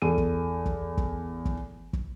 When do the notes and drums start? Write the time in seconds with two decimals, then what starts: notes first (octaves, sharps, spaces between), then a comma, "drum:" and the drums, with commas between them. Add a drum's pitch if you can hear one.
0.02 E2 A4 D#7
0.18 drum: kick
0.66 drum: kick
0.97 drum: kick
1.45 drum: kick
1.93 drum: kick